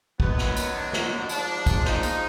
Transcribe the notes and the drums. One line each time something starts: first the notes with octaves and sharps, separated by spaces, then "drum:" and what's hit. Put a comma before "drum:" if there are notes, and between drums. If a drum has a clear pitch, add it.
F#2 D#3 F#3 B3, drum: kick
drum: snare
drum: tambourine
D4
drum: snare
G#2 F3 D4, drum: tambourine
drum: kick, tambourine
D#4, drum: snare
drum: tambourine